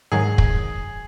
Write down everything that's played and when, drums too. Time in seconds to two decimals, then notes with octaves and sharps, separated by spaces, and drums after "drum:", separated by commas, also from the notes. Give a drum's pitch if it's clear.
0.12 G#2 D#3 F#3 G#4
0.38 drum: kick